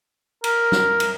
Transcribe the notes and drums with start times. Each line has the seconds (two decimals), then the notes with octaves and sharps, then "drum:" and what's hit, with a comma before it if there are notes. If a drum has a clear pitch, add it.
0.44 A#4, drum: cymbal
0.72 drum: snare
1.00 drum: cymbal